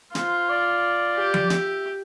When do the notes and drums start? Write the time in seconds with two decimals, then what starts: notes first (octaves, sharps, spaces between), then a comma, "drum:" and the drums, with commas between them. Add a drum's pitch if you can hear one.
0.15 F4 C5, drum: snare
0.49 D5
1.16 G4
1.34 drum: tom F3
1.50 E5, drum: snare